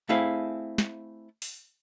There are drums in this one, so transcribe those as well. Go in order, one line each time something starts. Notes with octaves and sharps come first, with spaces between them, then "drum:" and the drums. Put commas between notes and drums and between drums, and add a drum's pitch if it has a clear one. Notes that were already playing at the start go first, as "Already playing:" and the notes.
A3 C4 E4 G#4 F5
drum: snare
drum: open hi-hat